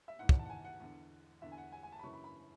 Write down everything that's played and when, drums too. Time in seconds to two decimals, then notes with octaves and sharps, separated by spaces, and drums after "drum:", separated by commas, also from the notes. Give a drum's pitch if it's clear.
0.08 E5
0.19 G#2 E3 F#5
0.29 F#5, drum: kick
0.39 A5
0.45 F#5
0.50 G#5
0.65 F#5
0.80 E2 D3
1.42 E2 D3 E5
1.52 G#5
1.58 F#5
1.72 G#5
1.83 G#5
1.92 A5
1.99 B5
2.03 F#2 C#3 E3 C#6
2.13 B5
2.24 B5